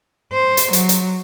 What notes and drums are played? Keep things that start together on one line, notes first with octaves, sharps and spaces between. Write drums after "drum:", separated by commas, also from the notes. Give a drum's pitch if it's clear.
C5
drum: hi-hat
F#3, drum: hi-hat
drum: hi-hat